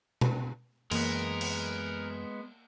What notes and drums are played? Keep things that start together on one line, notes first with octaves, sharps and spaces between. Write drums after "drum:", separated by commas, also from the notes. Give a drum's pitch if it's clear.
drum: tom B2
F#2 E3 G#3 A#3 B3 A#4, drum: cymbal
drum: cymbal